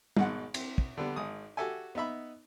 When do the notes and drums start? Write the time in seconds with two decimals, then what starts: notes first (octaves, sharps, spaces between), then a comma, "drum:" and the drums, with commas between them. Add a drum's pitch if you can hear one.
0.17 G#1 G#2 B2 F#5, drum: tom
0.54 C4, drum: cymbal
0.78 drum: kick
0.97 D3 G3 B3
1.16 G#1 D#6
1.57 F#4 G4 A4 E5 G#5
1.95 B3 D#4 E5 B5